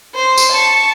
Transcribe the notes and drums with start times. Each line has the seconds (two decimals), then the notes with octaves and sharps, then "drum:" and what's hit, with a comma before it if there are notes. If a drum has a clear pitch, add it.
0.15 C5
0.38 drum: tambourine
0.51 A5 C#6